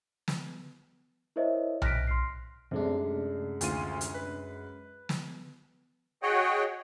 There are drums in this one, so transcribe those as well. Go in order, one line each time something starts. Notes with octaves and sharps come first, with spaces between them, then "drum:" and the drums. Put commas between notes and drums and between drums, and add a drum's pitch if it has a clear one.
drum: snare
E4 A#4 C5 C#5 D#5 E5
F6 F#6 A#6 B6 D7, drum: tom B1
C6 F6 C7
F#2 C3 G#3 A3 D4
D2 F4 D#7, drum: hi-hat
drum: hi-hat
B4
drum: snare
F#4 G#4 C#5 D#5 F#5 G5